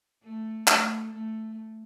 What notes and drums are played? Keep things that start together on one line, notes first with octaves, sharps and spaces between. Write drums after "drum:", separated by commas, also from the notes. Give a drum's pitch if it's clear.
A3
A3, drum: clap
A3